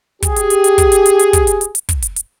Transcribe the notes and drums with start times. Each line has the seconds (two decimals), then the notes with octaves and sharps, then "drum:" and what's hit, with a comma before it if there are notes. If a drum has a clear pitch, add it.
0.22 G4 G#4, drum: kick, hi-hat
0.36 drum: hi-hat
0.50 drum: hi-hat
0.64 drum: hi-hat
0.78 drum: kick, hi-hat
0.92 drum: hi-hat
1.06 drum: hi-hat
1.19 drum: hi-hat
1.33 drum: kick, hi-hat
1.47 drum: hi-hat
1.61 drum: hi-hat
1.75 drum: hi-hat
1.89 drum: kick, hi-hat
2.02 drum: hi-hat
2.16 drum: hi-hat